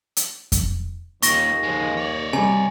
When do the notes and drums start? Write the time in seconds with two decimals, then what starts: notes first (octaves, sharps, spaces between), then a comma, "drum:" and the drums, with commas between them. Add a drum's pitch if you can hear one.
0.17 drum: hi-hat
0.52 drum: kick F2, hi-hat
1.22 D#2 A#2 D#3 C#6 A#6, drum: hi-hat
1.63 F3 G#3
1.97 C#5 D5
2.33 C3 G3 G#5